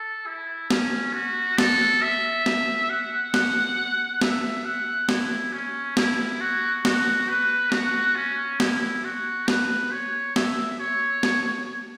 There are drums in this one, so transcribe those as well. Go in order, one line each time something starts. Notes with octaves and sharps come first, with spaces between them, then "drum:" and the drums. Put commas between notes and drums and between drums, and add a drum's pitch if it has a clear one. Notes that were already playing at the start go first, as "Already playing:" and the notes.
Already playing: A4
E4
C#4, drum: snare
F#4
A4, drum: snare
E5
drum: snare
F#5
drum: snare
E5, drum: snare
F#5
E4, drum: snare
C#4
E4, drum: snare
F#4
F#4, drum: snare
B4
F#4, drum: snare
C#4
E4, drum: snare
F#4
B4, drum: snare
C#5
E5, drum: snare
C#5
drum: snare